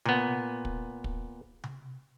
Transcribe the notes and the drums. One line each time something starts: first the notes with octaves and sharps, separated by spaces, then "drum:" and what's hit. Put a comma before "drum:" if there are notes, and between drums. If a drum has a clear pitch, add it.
A#2 B3, drum: tom C3
drum: kick
drum: kick
drum: tom C3